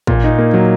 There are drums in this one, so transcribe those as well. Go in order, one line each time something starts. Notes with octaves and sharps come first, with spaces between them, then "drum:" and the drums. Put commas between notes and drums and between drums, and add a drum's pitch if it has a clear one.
A#2, drum: kick A1
D#4
A#3
F#3